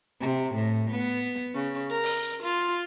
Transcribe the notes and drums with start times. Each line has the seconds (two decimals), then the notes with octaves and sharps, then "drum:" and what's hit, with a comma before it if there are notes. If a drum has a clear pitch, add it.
0.21 C3
0.57 A2
0.92 B3
1.54 C#3
1.90 A#4
2.04 drum: open hi-hat
2.43 F4